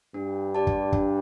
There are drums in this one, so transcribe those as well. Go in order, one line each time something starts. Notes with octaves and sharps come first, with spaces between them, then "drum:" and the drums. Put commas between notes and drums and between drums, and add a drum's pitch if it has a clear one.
G2 D4
G4 D5 A5
drum: kick
D4, drum: kick